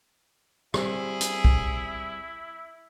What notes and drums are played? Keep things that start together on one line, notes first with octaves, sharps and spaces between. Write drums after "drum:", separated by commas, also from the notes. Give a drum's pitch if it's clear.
G3 C4 E4 G#4, drum: rim click
drum: hi-hat
drum: kick